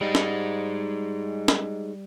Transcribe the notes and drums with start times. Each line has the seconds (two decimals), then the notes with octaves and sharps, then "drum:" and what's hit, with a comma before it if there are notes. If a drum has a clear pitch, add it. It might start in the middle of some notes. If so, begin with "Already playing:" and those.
0.01 G3 G#3 D#4
0.15 drum: snare
1.48 drum: snare